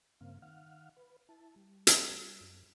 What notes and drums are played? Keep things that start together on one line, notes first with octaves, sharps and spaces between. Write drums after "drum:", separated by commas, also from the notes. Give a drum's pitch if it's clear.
G2 C#3 A#3 C4 F5
D#3 F5 F#5 F6
B4
E4 A5
G3
drum: hi-hat
F#2